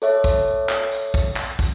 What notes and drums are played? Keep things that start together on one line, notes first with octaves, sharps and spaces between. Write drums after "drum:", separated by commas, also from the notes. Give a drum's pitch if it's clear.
A4 C#5 E5, drum: tambourine
drum: kick, tambourine
drum: clap
drum: tambourine
drum: kick, tambourine
drum: clap
drum: kick, tambourine